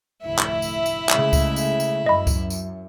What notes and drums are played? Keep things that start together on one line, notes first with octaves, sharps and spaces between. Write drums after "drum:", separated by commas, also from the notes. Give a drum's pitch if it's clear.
F1 D2 A2 E4 E5
drum: clap
drum: tambourine
drum: tambourine
C#3 G#3 A3, drum: clap
drum: kick C#2, tambourine
drum: tambourine
drum: tambourine
F#2 D#5 B5
drum: kick C#2, tambourine
drum: tambourine